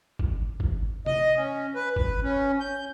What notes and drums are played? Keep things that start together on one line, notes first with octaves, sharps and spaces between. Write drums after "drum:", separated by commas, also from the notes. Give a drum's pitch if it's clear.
drum: kick
drum: kick
D#5, drum: tom C3
C#4
B4
B4, drum: kick
C#4
G6